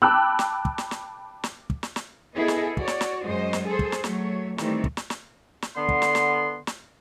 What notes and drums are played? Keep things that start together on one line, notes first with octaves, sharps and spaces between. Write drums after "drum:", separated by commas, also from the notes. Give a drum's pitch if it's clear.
G5 A5 B5 D6 E6 F#6
drum: snare
drum: kick
drum: snare
drum: snare
drum: snare
drum: kick
drum: snare
drum: snare
B3 E4 G#4 A4 D#5
drum: snare
F#4 C#5 D5, drum: kick
drum: snare
drum: snare
F#2 G#3 C5 D#5
drum: snare
G#4 A4 C5
drum: kick
drum: snare
F#3 A3 C#5, drum: snare
D#3 E3 G3 A3 C4, drum: snare
drum: kick
drum: snare
drum: snare
drum: snare
D3 B3 C6
drum: kick
drum: snare
drum: snare
drum: snare